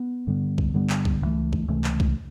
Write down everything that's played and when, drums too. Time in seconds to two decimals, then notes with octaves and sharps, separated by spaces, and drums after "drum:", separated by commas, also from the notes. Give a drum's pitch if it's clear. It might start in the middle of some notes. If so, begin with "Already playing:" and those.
Already playing: B3
0.27 G2 D3 G3 B3
0.58 drum: kick C2
0.74 G2 D3 G3 B3
0.90 drum: clap
1.05 drum: kick C2
1.21 C#2 C3 E3 A3
1.53 drum: kick C2
1.68 C#2 C3 E3 A3
1.84 drum: clap
2.00 drum: kick C2